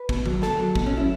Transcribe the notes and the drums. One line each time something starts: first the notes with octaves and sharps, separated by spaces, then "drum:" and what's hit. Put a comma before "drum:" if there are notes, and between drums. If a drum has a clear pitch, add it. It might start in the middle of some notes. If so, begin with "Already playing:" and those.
Already playing: B4
B2, drum: kick
F#3, drum: tom D3
B2 A4, drum: snare
F#3
B2, drum: kick
C#4
F#3 E4